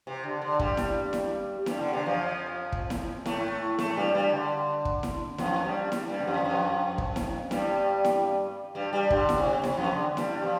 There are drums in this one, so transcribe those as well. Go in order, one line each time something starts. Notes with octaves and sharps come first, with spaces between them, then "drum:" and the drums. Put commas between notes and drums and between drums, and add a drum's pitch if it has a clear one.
C3
D3
D3
G2 G3, drum: kick
drum: snare E4
drum: snare E4
G2 G3, drum: snare E4
D3
C3
F2 F3
drum: kick
drum: snare E4
A2 A3, drum: snare E4
A2 A3, drum: snare E4
G2 G3
G2 G3
D3
drum: kick
drum: snare E4
F2 F3, drum: snare E4
G2 G3
drum: snare E4
G2 G3
D3
F2 F3
F2 F3
drum: kick
drum: snare E4
G2 G3, drum: snare E4
drum: snare E4
G2 G3
G2 G3
D3, drum: kick
drum: snare E4
C3
C3, drum: snare E4
F2 F3
D3
G2 G3, drum: snare E4
F3